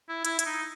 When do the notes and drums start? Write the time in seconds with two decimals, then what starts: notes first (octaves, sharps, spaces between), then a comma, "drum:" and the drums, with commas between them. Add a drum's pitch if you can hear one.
0.09 E4
0.25 E4, drum: hi-hat
0.39 E4, drum: hi-hat
0.46 D#4